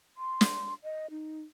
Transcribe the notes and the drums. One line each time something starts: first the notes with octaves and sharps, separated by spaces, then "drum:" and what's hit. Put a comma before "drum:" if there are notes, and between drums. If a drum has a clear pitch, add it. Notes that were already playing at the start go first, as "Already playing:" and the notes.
C6
drum: snare
D#5
D#4